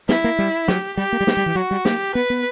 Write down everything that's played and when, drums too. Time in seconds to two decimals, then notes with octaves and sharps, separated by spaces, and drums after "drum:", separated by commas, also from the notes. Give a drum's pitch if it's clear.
0.09 B3 E4, drum: snare
0.24 A#3
0.39 G3
0.68 F#3 G4, drum: snare
0.97 G3 G4
1.12 A#3
1.21 G3
1.27 A#3, drum: snare
1.37 G3
1.46 E3
1.55 F#3 F#4
1.71 G3
1.85 A#3 G4, drum: snare
2.15 B3 B4
2.30 B3